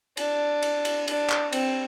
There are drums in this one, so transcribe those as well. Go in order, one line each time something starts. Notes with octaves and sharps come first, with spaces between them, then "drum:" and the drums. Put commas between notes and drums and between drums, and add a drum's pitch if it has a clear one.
D4, drum: cymbal
drum: cymbal
drum: cymbal
D4, drum: cymbal
drum: clap
C4, drum: cymbal